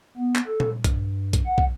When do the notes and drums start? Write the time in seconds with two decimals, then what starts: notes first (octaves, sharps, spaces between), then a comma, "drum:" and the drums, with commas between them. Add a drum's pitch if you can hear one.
0.17 B3
0.36 drum: clap
0.47 A4
0.60 drum: tom A#2
0.84 G2, drum: kick, hi-hat
1.33 drum: kick, hi-hat
1.46 F#5
1.58 drum: kick